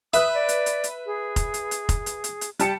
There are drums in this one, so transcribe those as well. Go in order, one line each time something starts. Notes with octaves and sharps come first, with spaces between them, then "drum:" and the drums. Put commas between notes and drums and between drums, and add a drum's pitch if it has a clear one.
B4 E5 D#6 F#6, drum: hi-hat
D5
drum: hi-hat
drum: hi-hat
drum: hi-hat
G#4
drum: kick F1, hi-hat
drum: hi-hat
drum: hi-hat
drum: kick F1, hi-hat
drum: hi-hat
drum: hi-hat
drum: hi-hat
G3 G5 A5 C#7, drum: hi-hat